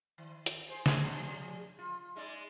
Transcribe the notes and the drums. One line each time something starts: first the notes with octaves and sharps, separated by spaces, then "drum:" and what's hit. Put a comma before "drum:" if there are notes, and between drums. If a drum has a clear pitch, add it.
D#3
drum: hi-hat
G#4 C5
drum: snare
F3 G#4
F4
G#3 D#4 D5